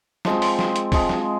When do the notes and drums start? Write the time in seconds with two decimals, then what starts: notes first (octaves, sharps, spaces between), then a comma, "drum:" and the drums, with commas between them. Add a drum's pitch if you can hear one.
0.25 F3 G#3 C4 C6, drum: snare
0.42 drum: open hi-hat
0.59 drum: snare
0.76 drum: hi-hat
0.92 F3 G#3 C4, drum: kick, open hi-hat
1.09 drum: snare